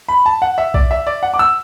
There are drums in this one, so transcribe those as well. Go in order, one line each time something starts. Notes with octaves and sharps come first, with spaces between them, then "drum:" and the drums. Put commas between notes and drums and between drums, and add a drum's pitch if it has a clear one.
B5
A5
F#5
E5
D5, drum: kick B1
E5
D5
F#5
D6
E6